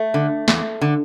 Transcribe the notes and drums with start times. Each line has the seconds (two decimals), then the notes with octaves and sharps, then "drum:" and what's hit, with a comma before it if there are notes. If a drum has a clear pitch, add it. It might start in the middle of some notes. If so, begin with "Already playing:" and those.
Already playing: A3
0.14 D3
0.48 E2, drum: snare
0.82 D3